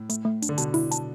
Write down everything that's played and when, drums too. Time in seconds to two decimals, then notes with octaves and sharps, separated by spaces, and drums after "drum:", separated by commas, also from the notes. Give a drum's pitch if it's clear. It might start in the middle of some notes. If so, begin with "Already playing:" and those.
Already playing: A2
0.10 A3, drum: hi-hat
0.25 A3
0.42 D4, drum: hi-hat
0.49 D3
0.58 B2 A5, drum: hi-hat
0.74 E4, drum: open hi-hat
0.91 A5, drum: hi-hat